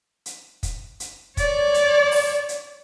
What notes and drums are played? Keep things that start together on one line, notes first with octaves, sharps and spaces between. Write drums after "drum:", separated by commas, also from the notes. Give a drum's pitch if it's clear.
drum: hi-hat
drum: kick, hi-hat
drum: hi-hat
C#5 D5, drum: kick, hi-hat
drum: hi-hat
drum: open hi-hat
drum: hi-hat